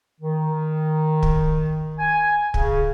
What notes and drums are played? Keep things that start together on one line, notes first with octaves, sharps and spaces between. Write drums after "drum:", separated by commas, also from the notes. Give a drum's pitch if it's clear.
D#3
drum: kick
G#5
C#3, drum: kick